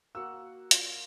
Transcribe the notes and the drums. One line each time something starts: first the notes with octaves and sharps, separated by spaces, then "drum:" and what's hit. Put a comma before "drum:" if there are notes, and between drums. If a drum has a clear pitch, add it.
A#3 F#4 F#5 E6
F4, drum: hi-hat